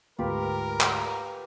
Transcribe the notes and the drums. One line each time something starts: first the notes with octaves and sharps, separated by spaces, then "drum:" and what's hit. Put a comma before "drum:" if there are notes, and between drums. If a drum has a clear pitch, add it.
D2 G#2 F4 G4 A#4 B4
drum: clap